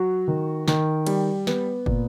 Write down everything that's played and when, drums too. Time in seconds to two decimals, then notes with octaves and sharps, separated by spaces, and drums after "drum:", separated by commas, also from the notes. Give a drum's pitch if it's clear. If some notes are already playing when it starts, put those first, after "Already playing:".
Already playing: F#3 F#4
0.28 D#3
0.68 D#3, drum: snare
1.07 G3, drum: cymbal
1.47 B3, drum: snare
1.86 A#2, drum: kick